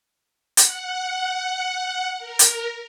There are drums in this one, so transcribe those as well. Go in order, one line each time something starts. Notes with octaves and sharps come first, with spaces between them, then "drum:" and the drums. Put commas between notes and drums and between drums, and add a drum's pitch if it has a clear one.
F#5, drum: hi-hat
A#4
drum: hi-hat